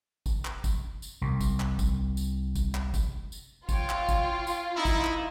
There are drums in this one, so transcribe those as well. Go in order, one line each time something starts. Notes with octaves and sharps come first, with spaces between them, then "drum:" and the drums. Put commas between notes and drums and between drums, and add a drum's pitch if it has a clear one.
drum: kick, tambourine
drum: clap
drum: kick, tambourine
drum: tambourine
C2 C3
drum: kick, tambourine
drum: clap
drum: kick, tambourine
drum: tambourine
drum: kick, tambourine
drum: clap
drum: kick, tambourine
drum: tambourine
F4 C#5 G5, drum: kick, tambourine
drum: clap
drum: kick, tambourine
drum: tambourine
D#4 E4
drum: kick, tambourine
drum: clap